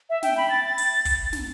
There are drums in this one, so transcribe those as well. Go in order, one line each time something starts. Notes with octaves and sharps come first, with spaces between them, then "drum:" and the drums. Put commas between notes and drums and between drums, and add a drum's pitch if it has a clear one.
E5
G5, drum: snare
B5
A6
A6
drum: hi-hat
drum: kick, hi-hat
drum: snare